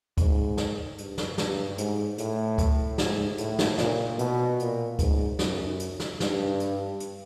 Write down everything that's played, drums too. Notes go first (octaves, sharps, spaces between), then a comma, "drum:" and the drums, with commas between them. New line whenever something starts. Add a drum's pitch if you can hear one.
G#2, drum: kick C#2, hi-hat
drum: snare
G2, drum: hi-hat
drum: snare
G2, drum: snare
G#2, drum: hi-hat
A2, drum: hi-hat
drum: kick C#2, hi-hat
G#2, drum: snare
A2, drum: hi-hat
drum: snare
A#2, drum: snare
B2, drum: hi-hat
A#2, drum: hi-hat
G#2, drum: kick C#2, hi-hat
F#2, drum: snare
drum: hi-hat
drum: snare
G2, drum: snare
drum: hi-hat
drum: hi-hat